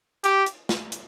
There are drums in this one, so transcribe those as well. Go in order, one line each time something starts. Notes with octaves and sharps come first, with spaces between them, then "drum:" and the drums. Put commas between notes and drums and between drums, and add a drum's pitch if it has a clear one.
G4, drum: hi-hat
drum: hi-hat
drum: snare
drum: hi-hat